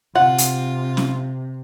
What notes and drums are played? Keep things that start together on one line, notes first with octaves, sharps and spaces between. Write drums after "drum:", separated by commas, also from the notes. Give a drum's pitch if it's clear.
C3 F4 F#5
drum: hi-hat
drum: snare C#4